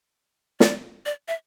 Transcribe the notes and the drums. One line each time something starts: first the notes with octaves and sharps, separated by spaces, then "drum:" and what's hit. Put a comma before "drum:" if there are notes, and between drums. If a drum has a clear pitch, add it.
D5, drum: snare
D5
E5